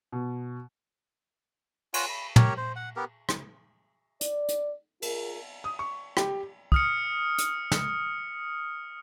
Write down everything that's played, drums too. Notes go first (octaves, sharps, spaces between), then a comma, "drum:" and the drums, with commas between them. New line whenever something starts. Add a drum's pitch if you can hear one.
B2
F4 C#5 F#5 G#5, drum: cymbal
B5
G4 A#4 C#5, drum: tom
C5
F#5
B3 G4 A#4
drum: rim click
D5, drum: hi-hat
drum: hi-hat
F4 G#4 A#4, drum: cymbal
D#6
C#6
G4, drum: rim click
D#6 F6 C#7, drum: kick
drum: hi-hat
drum: snare